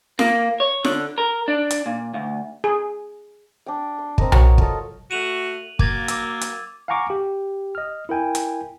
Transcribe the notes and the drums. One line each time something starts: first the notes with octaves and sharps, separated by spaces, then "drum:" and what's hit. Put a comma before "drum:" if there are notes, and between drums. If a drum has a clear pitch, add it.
A#3, drum: snare F4
C#5
D3, drum: snare F4
A#4
D4
drum: hi-hat
A#2
D2
G#4
D4 G5
C6
C4 A#4 D#5, drum: kick
F#4 C#5, drum: tom B1
F4 A4 D#5, drum: kick
A3 F#4 D#7 F7 F#7
F#3 A#3 D6 G#6 A6, drum: kick
D6 E6, drum: hi-hat
drum: hi-hat
F5 F#5 G#5 A#5 C#6 D6
G4
D#5 F6
E4 A#4 G5 G#5
drum: hi-hat